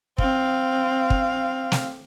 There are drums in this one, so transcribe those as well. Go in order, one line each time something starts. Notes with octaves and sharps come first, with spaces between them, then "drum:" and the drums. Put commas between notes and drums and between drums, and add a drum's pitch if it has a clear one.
C4 F5, drum: kick
drum: kick
drum: snare